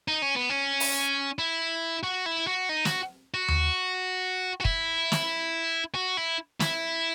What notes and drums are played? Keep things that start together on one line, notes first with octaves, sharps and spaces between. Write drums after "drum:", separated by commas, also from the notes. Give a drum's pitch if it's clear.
D#4
C#4
B3
C#4
drum: open hi-hat
E4
F#4
E4
F#4
D#4
F#4, drum: snare
F#4
drum: tom D#2
F#4
E4, drum: kick
drum: snare
F#4
E4
E4, drum: snare